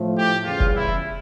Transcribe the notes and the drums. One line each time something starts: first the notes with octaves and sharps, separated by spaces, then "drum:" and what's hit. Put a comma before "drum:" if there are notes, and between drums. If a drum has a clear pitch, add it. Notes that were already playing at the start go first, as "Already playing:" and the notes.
Already playing: A2 F3 A3
G4
E2 C#3 G3 F4
drum: kick
E4